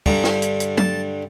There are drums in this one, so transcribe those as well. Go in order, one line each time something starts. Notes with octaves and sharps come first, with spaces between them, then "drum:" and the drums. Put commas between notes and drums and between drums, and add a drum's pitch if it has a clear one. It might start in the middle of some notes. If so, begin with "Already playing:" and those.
G2 D3 G3 A#5, drum: kick
drum: snare
drum: hi-hat
drum: hi-hat
A5, drum: tom F#3